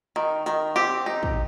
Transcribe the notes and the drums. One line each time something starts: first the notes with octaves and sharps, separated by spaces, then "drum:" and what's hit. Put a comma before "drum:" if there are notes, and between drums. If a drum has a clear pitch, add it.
D#3
D#3, drum: hi-hat
C4 G4
D#4
drum: kick